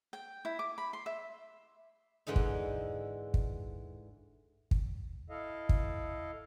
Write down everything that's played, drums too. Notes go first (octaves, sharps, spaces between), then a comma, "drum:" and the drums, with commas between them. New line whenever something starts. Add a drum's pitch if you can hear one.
G5
E4
D6
B5
C6
E5
G#2 D3 E3 D#4
drum: kick
drum: kick
drum: kick
E4 A4 D#5 F5
drum: kick